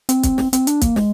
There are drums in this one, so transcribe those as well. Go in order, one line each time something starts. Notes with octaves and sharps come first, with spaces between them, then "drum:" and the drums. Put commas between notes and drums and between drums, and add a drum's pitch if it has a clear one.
C4, drum: hi-hat
drum: kick, hi-hat
drum: snare
C4, drum: hi-hat
D4, drum: hi-hat
A#3, drum: kick, hi-hat
G#3, drum: snare